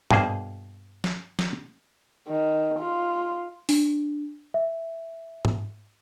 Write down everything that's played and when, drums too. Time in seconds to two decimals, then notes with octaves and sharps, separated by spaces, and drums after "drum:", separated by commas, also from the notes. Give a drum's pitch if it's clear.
0.11 G2 B2 A#3 G#4 C5, drum: tom G#2
1.04 drum: snare
1.39 drum: snare
2.29 D#3
2.79 F4
3.69 D4, drum: open hi-hat
4.54 E5
5.45 drum: tom G#2